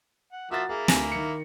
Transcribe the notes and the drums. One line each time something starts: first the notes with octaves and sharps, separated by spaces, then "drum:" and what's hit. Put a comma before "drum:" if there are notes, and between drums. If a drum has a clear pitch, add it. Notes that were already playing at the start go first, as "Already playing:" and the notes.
F#5
F3 A#3 F#4 E5 A6
A#3 E4 G#4
D2 G#5 A#6, drum: snare
D#3 C#7